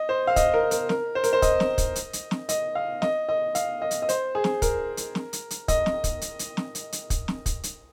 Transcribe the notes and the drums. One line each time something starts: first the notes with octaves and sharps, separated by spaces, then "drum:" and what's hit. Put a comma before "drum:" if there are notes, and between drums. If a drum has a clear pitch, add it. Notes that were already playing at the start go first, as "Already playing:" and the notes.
Already playing: D#5
C5
F5
D#5, drum: kick, hi-hat
A#4
A#4, drum: hi-hat
A#4, drum: snare
C5
A#4, drum: hi-hat
C5
D#5, drum: kick, hi-hat
drum: snare
drum: kick, hi-hat
drum: hi-hat
drum: hi-hat
drum: snare
D#5, drum: hi-hat
F5
D#5, drum: snare
D#5
F5, drum: hi-hat
D#5
drum: hi-hat
D#5
C5, drum: hi-hat
G#4
drum: snare
A#4, drum: kick, hi-hat
drum: hi-hat
drum: snare
drum: hi-hat
drum: hi-hat
D#5, drum: kick, hi-hat
drum: snare
drum: kick, hi-hat
drum: hi-hat
drum: hi-hat
drum: snare
drum: hi-hat
drum: hi-hat
drum: kick, hi-hat
drum: snare
drum: kick, hi-hat
drum: hi-hat